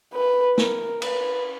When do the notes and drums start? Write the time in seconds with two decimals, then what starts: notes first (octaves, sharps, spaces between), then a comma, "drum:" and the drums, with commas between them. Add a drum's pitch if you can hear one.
0.13 B4
0.58 A#4, drum: snare
1.02 B4, drum: cymbal